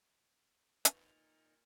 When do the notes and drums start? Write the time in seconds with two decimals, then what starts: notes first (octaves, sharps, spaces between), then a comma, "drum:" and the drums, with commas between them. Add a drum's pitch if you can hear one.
0.85 A#2 D#4 B4 F5 C#6, drum: hi-hat